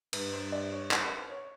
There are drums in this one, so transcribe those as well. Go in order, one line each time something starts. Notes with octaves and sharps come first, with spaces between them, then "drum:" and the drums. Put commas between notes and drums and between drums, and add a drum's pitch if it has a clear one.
G2 B4, drum: cymbal
C5
D5
C#5
C5, drum: clap
B4
C#5